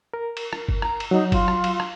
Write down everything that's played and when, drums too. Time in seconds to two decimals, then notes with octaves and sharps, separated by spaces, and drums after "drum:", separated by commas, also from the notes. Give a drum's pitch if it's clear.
0.14 A#4
0.37 drum: cymbal
0.53 drum: rim click
0.69 drum: kick G1
0.82 A#5, drum: rim click
1.00 drum: cymbal
1.11 F#3 D#4
1.32 F4, drum: kick G1, cymbal
1.48 drum: rim click
1.64 drum: cymbal
1.80 drum: rim click